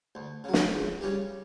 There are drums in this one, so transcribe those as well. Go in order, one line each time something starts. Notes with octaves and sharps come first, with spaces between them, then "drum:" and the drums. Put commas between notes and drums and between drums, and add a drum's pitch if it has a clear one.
D2
C#3 F#3
drum: snare
C#2
C#3 G3 C#4 G4